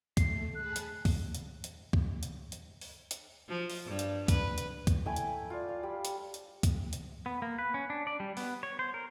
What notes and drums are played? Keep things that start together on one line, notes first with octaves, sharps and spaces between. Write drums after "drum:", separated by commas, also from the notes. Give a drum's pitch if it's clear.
A3 C7, drum: kick C#2, hi-hat
G#4 A5 B5 F#6
drum: hi-hat
drum: kick C#2, open hi-hat
drum: hi-hat
drum: hi-hat
drum: kick C#2
drum: hi-hat
drum: hi-hat
drum: open hi-hat
drum: hi-hat
F3
drum: open hi-hat
G2
drum: hi-hat
B4, drum: kick C#2, hi-hat
drum: hi-hat
drum: kick C#2, hi-hat
A3 E4 G5 G#5
drum: hi-hat
F4 D5
F5
G3
drum: hi-hat
drum: hi-hat
drum: kick C#2, hi-hat
drum: hi-hat
B3
A#3
B4
C#4
D4
D5
G3
B3, drum: open hi-hat
C#5
C5
A#4